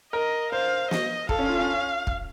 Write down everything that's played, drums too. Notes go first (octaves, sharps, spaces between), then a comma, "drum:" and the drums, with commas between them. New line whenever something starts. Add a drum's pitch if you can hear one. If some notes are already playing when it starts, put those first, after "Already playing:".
A#4 D#5
C5 F5
D#5, drum: snare
A4 F5, drum: kick
C#4
F4
C#4
drum: kick